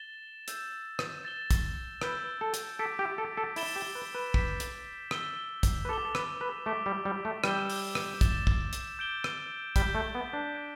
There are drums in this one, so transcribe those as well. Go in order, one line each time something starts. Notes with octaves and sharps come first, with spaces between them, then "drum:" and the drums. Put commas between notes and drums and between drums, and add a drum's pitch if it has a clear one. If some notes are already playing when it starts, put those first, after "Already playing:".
Already playing: A6 E7 G7
E6 G6 E7, drum: hi-hat
drum: rim click
A6 E7 G7
drum: kick, hi-hat
B4 E6 G6 D7 G7, drum: rim click
A4
drum: hi-hat
A4 D6 B6 D7
G4
A4
A4
E4 A6 E7 G7, drum: open hi-hat
G4
B4
B4
D6 G6 B6, drum: kick
drum: hi-hat
E6 A6 G7, drum: rim click
drum: kick, hi-hat
B4
A4 D6 A6 E7 G7
A4
B4, drum: rim click
B4
A3 D6 B6 D7 G7
G3
G3
A3
G3 E6 G6 E7 G7, drum: rim click
drum: open hi-hat
drum: rim click
A6 E7 G7, drum: kick, hi-hat
drum: kick
drum: hi-hat
D6 G6 D7 G7
drum: rim click
G3 G6 B6 G7, drum: kick, hi-hat
A3
B3
D4
G6 D7 G7